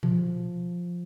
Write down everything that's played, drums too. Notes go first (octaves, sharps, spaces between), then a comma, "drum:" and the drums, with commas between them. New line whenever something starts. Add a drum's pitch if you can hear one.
F3, drum: tom A#2